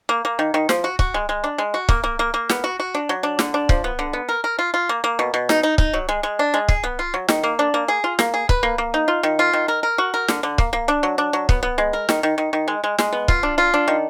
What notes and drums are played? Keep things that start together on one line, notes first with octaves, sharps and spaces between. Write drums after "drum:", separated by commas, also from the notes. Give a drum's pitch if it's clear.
A#3
A#3
D#3
D#3
F3, drum: snare
F#4
F#4, drum: kick
G#3
G#3
D4
G#3
F#4
A#3, drum: kick
A#3
A#3
A#3
B3, drum: snare
F#4
F#4
D4
F#3
D4
D3, drum: snare
D4
F3, drum: kick
B3
D3
B3
A#4
A#4
F4
F4
A#3
A#3
B2
B2
D#4, drum: snare
D#4
D#4, drum: kick
F#3
G#3
G#3
D4
G#3
G#4, drum: kick
B3
F4
F#3
D#3, drum: snare
A#3
D4
A#3
G#4
F4
A#3, drum: snare
G#4
B4, drum: kick
A#3
A#3
D#4
F4
D#3
F4
D#3
A#4
A#4
F#4
A#4
D3, drum: snare
D3
A#3, drum: kick
A#3
D4
F#3
D4
F#3
B3, drum: kick
B3
G#3
A#4
D#3, drum: snare
D#3
D#3
D#3
G#3
G#3
G#3, drum: snare
B3
F4, drum: kick
D4
F4
D4
D#3